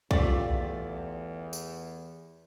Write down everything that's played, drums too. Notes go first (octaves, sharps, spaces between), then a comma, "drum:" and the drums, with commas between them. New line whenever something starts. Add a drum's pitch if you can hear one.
E2 A3 F4 G4 D5, drum: kick B1
drum: tambourine